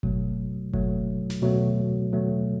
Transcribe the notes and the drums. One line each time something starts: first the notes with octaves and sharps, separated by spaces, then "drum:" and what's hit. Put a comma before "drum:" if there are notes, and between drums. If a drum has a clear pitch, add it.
B2 F#3 A3, drum: kick G1
B2 F#3 A3, drum: kick G1
drum: snare
B2 F#3 A3
B2 F#3 A3